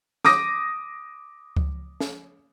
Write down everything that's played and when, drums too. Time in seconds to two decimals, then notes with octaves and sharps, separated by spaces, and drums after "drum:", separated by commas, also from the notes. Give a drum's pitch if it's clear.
0.25 D6 D#6 A#6, drum: snare
1.56 drum: kick C#2
2.00 drum: snare